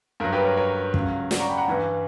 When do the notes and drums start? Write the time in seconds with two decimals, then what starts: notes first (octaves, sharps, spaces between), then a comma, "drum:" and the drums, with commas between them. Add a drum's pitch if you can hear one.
0.20 G2 F#3 A#4
0.33 G4 B4
0.44 A#4 C#5
0.57 A#4 C#5
0.94 C#2 C#3 F#3, drum: kick
1.31 D5 F#5, drum: snare
1.40 A#5 C#6
1.49 G5 B5
1.58 F#5 A#5
1.68 G2 E3 G3